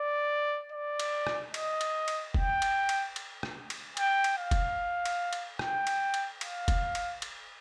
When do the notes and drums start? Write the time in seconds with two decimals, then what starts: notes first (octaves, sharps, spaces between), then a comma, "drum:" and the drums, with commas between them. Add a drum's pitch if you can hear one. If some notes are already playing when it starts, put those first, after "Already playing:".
Already playing: D5
0.72 D5
0.99 drum: cymbal
1.27 drum: rim click
1.54 D#5, drum: cymbal
1.81 drum: cymbal
2.08 drum: cymbal
2.34 G5, drum: kick
2.62 drum: cymbal
2.89 drum: cymbal
3.16 drum: cymbal
3.43 drum: rim click
3.70 drum: cymbal
3.97 G5, drum: cymbal
4.24 drum: cymbal
4.38 F5
4.51 drum: kick, cymbal
5.06 drum: cymbal
5.33 drum: cymbal
5.59 G5, drum: rim click
5.87 drum: cymbal
6.14 drum: cymbal
6.41 F5, drum: cymbal
6.68 drum: kick, cymbal
6.95 drum: cymbal
7.22 drum: cymbal